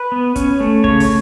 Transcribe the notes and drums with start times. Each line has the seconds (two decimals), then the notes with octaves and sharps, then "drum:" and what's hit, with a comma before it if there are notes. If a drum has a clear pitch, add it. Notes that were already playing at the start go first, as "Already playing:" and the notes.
Already playing: B4
0.12 B3
0.36 C#4, drum: kick, hi-hat
0.60 A3
0.84 C#3 C#5, drum: kick
1.00 drum: kick, open hi-hat